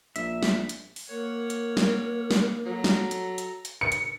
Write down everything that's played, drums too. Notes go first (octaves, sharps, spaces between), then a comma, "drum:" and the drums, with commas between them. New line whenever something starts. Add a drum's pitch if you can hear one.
A#1 E5, drum: hi-hat
drum: snare
drum: hi-hat
drum: open hi-hat
A#3 A#4 C#5 F#5
drum: hi-hat
drum: snare
drum: snare
F#3 A4 A#5
drum: snare
drum: hi-hat
drum: hi-hat
drum: hi-hat
C#7
drum: hi-hat